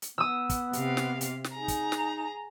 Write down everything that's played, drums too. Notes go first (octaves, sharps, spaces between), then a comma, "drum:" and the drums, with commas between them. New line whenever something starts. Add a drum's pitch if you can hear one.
drum: hi-hat
B3 D#6 E6
drum: kick, hi-hat
C3 F5, drum: hi-hat
drum: snare
drum: hi-hat
drum: snare
D#4 G#4 A#5
drum: kick, hi-hat
drum: snare